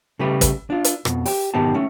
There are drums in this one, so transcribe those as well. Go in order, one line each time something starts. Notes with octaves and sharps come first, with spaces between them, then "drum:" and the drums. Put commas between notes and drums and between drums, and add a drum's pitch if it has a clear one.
C#3 G3 A3 G4 B4
drum: kick, hi-hat
D4 F4
drum: hi-hat
F2 B2, drum: rim click
G4, drum: open hi-hat
B1 G#2 D#3 B3 G4 A5
A3 C#4